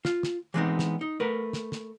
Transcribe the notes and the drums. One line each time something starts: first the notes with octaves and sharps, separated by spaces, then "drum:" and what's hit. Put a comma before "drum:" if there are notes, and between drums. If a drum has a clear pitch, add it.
F4, drum: snare
drum: snare
E3 G3 G#3 B3 C4 D#4
drum: snare
D#4
A3 A#4 B4
drum: snare
drum: snare